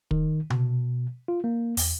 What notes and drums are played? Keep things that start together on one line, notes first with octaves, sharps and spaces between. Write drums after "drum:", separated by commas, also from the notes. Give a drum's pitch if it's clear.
D#3, drum: kick
B2, drum: tom C3
F4
A#3
E2, drum: open hi-hat